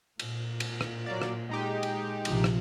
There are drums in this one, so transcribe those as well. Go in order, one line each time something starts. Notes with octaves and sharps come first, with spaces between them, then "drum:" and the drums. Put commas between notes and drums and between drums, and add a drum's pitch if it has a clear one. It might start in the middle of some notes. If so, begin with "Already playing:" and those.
A#2, drum: cymbal
drum: cymbal
drum: rim click
F#3 A#3 D5
drum: rim click
G#3 D#4 G4
drum: cymbal
A#1 C3 F3, drum: cymbal
drum: rim click